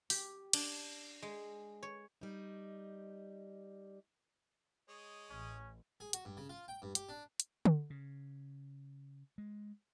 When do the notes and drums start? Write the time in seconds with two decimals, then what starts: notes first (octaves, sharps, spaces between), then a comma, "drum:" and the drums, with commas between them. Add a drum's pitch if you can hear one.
0.10 G4, drum: open hi-hat
0.53 D4, drum: cymbal
1.22 G#3
1.83 C#5
2.21 G3 D#4
4.89 G#3 C#5 D#5
5.30 A1 C#4
6.00 G#4
6.13 F#4, drum: hi-hat
6.25 G2
6.37 C#3
6.49 F4
6.68 G5
6.82 G2
6.95 G4, drum: hi-hat
7.09 D4
7.40 drum: hi-hat
7.65 drum: tom D3
7.90 C#3
9.38 G#3